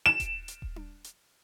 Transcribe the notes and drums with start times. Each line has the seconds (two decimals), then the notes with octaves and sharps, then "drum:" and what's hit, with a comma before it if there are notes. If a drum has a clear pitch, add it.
0.06 E7
0.20 drum: kick D#1, hi-hat
0.48 drum: hi-hat
0.62 drum: kick D#1
0.76 drum: tom D4
1.04 drum: hi-hat